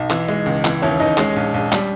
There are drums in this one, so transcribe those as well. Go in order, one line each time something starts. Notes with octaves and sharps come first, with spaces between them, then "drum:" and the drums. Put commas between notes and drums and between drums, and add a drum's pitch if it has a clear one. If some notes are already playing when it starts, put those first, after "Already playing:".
Already playing: B1 D#4
E3, drum: clap
G#3
C#2
E3, drum: clap
D#2 C#4 E4
D#2 D#4
G#3 C#4, drum: clap
A#1
A#1
G3, drum: clap